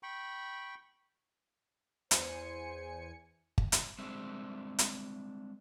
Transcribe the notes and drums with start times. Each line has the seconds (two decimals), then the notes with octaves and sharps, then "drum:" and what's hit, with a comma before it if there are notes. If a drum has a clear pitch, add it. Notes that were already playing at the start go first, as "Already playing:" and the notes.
0.03 G5 B5 C#6
2.11 E2 C5 G#5 C#7, drum: hi-hat
3.58 drum: kick G1
3.72 drum: hi-hat
3.98 G3 G#3 C4 D4 C5 E5
4.79 drum: hi-hat